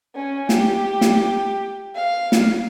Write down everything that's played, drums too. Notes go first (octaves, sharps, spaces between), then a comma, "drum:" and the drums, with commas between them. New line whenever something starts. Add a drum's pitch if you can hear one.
C#4
G4, drum: snare
drum: snare
F5
drum: snare